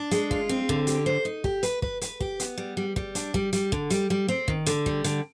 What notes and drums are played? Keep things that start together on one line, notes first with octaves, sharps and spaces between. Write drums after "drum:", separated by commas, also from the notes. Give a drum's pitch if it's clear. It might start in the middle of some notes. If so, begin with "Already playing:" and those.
Already playing: D4
G#3, drum: hi-hat
F4, drum: kick
C4
D3, drum: kick
G4, drum: hi-hat
C5
D#4
G4, drum: kick
B4, drum: hi-hat
B4, drum: kick
B4, drum: hi-hat
G4, drum: kick
B3, drum: hi-hat
G3
G3
G3, drum: kick
D4, drum: hi-hat
G3, drum: kick
G3, drum: hi-hat
D3, drum: kick
G3, drum: hi-hat
G3
C4
D#3, drum: kick
D3, drum: hi-hat
G3, drum: kick
D3, drum: hi-hat